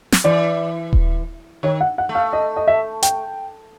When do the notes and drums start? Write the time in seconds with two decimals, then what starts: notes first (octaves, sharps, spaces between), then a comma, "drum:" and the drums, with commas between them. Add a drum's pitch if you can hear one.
0.12 drum: snare
0.24 E3 D5
0.93 drum: kick D#1
1.63 D#3 C#5
1.81 F#5
1.98 F#5
2.09 A3
2.15 F5
2.33 D#5
2.56 D#5
2.67 E5
3.02 G5, drum: hi-hat